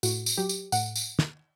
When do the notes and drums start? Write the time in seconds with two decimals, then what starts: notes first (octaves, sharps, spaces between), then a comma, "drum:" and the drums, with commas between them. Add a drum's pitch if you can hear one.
0.03 A2 F#4, drum: tambourine
0.26 drum: tambourine
0.38 F#3 G4
0.49 drum: tambourine
0.72 A2 F#5, drum: tambourine
0.96 drum: tambourine
1.19 drum: snare